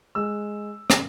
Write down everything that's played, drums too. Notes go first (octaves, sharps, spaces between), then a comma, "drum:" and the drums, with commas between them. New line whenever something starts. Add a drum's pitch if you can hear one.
G#3 E6
drum: rim click